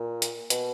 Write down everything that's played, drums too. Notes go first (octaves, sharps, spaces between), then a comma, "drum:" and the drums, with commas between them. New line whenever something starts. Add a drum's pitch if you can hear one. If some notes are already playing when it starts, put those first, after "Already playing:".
Already playing: A#2
drum: hi-hat
B2, drum: hi-hat